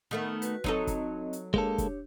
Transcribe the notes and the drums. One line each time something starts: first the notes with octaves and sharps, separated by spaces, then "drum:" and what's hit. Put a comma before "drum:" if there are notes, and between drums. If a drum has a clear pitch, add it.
D#3 A3 B3
F#4 B4, drum: hi-hat
F#3 C4 D#4 A4 D#5, drum: kick
drum: kick, hi-hat
drum: hi-hat
G#3 A#3 D4 G4 A4 C#5, drum: kick
drum: kick, hi-hat